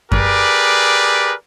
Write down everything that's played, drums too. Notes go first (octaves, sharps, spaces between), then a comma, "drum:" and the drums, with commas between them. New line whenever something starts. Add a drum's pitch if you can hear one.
G4 G#4 A#4 B4 D5, drum: kick F#2